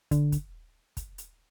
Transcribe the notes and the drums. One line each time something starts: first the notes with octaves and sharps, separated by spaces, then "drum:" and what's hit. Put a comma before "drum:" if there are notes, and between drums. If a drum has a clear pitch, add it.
D3, drum: kick, hi-hat
drum: kick, hi-hat
drum: kick, hi-hat
drum: hi-hat